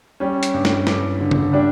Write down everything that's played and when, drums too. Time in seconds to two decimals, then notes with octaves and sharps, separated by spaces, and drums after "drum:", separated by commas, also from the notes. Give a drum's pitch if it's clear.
0.20 G3 C#4
0.43 drum: hi-hat
0.54 G2
0.65 drum: snare
0.87 G2, drum: snare
1.20 D3
1.31 drum: tom C#3
1.53 G3 D4